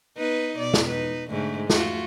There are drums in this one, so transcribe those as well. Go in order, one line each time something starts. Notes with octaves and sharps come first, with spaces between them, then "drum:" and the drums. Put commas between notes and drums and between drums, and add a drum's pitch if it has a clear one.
B3 D#4 B4
B2 D5
drum: snare
D#4 B4
G#2 D3 A3
A3 F4 F#4, drum: snare